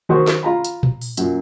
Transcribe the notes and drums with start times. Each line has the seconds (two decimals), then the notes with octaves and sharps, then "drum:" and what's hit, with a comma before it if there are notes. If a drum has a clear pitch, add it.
0.09 D#3 F#3 F#4 C5 C6 C#6
0.28 drum: snare
0.43 F4 A#5 B5
0.65 drum: hi-hat
0.83 drum: tom A#2
1.01 drum: open hi-hat
1.17 F#2 A#2, drum: hi-hat